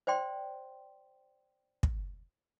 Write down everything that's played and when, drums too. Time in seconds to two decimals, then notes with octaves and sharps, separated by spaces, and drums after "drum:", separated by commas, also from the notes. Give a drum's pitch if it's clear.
0.07 C5 D5 G5 C6
1.83 drum: kick